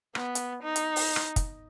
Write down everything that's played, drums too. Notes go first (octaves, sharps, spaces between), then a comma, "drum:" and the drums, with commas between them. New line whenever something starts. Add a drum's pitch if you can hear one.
B3, drum: rim click
drum: hi-hat
D#4
drum: hi-hat
drum: open hi-hat
drum: rim click
drum: kick, hi-hat